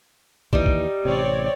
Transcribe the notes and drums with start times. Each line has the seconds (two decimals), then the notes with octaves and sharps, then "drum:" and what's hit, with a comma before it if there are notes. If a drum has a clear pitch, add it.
0.53 D#2 E3 G3 D#4, drum: kick
0.66 drum: kick
1.05 A1 C3 C4 C#5 D5